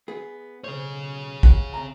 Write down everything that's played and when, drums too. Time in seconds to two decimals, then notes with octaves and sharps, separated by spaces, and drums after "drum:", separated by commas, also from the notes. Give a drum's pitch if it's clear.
0.08 B3 G#4
0.64 B1 G#4 C5 C#5
1.43 F#5, drum: kick
1.74 C3 A#5